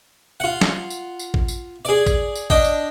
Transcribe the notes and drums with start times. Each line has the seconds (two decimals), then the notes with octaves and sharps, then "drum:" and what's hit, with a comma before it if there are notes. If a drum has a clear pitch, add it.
0.40 F4 F#5
0.61 drum: snare
0.90 drum: tambourine
1.19 drum: tambourine
1.34 drum: kick
1.48 drum: tambourine
1.85 G#4 D5
2.06 drum: kick, tambourine
2.35 drum: tambourine
2.50 D4 D#5 G5, drum: kick
2.64 drum: tambourine